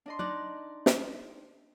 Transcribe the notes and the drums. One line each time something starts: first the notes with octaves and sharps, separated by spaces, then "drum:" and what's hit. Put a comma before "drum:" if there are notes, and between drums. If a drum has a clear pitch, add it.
D4 D#5 C6
D#4 D5 F#6
drum: snare